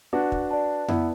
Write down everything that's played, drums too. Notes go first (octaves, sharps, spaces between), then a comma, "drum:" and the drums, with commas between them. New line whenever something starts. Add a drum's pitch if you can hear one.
D4 F#4 B4
drum: kick
D5 A5
B3 E4 B4, drum: tom F2